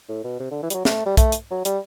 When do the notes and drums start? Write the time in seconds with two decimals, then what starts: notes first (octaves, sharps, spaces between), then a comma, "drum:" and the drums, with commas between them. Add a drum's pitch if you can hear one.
0.09 A2
0.24 B2
0.40 C3
0.51 D3
0.63 E3
0.70 G3, drum: hi-hat
0.74 F#3
0.85 A3, drum: snare
1.06 G3
1.17 A3, drum: kick, hi-hat
1.32 drum: hi-hat
1.51 F#3
1.65 G3, drum: hi-hat